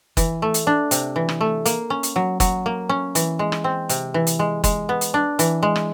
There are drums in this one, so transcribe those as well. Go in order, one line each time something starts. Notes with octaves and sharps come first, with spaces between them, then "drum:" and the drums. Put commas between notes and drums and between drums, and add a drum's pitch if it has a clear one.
E3, drum: kick F#1, hi-hat
A3
drum: hi-hat
D4
C3, drum: hi-hat
E3
drum: rim click
A3
A#3, drum: hi-hat
C#4
drum: hi-hat
F#3
F#3, drum: kick F#1, hi-hat
A#3
C#4
E3, drum: hi-hat
G#3
drum: rim click
C4
C3, drum: hi-hat
E3
drum: hi-hat
G#3
G#3, drum: kick F#1, hi-hat
B3
drum: hi-hat
D4
E3, drum: hi-hat
G#3
drum: rim click